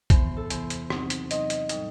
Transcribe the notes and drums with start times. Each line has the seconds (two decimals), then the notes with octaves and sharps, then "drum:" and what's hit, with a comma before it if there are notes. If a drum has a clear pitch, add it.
0.10 E2 C3 E3 B3 C5, drum: kick, hi-hat
0.37 A4
0.50 E2 C3 E3 B3 C5, drum: hi-hat
0.70 drum: hi-hat
0.90 C3 F#3 C4 D#4, drum: rim click
1.10 drum: hi-hat
1.31 C3 F#3 C4 D#4 D#5, drum: hi-hat
1.50 drum: hi-hat
1.69 A2 G3 D#4, drum: hi-hat